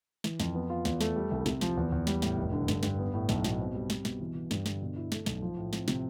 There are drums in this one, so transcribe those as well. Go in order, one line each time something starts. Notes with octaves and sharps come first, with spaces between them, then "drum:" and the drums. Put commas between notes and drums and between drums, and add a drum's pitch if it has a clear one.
E3, drum: snare
F2, drum: snare
B3
F4
E2, drum: snare
A3, drum: snare
G3
C2
C3, drum: snare
F3, drum: snare
E2
E2
G3, drum: snare
A2, drum: snare
F1
D3
G2, drum: snare
G2, drum: snare
B3
A2
B1, drum: snare
B2, drum: snare
C4
G3
C4, drum: snare
B2, drum: snare
E3
E3
G2, drum: snare
D3, drum: snare
B2
E4
A3, drum: snare
B1, drum: snare
F3
A2
C4, drum: snare
C3, drum: snare